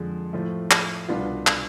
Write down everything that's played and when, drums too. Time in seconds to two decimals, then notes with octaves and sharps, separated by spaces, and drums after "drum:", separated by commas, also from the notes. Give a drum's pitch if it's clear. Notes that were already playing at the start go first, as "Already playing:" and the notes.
Already playing: F2 D3 G#3
0.33 A2 F3 A3
0.71 drum: clap
1.08 C2 B2 B3 D4 F4
1.47 drum: clap